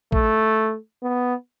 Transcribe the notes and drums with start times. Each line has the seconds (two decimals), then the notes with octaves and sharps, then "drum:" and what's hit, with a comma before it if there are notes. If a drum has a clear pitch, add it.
0.12 A3, drum: kick
1.03 B3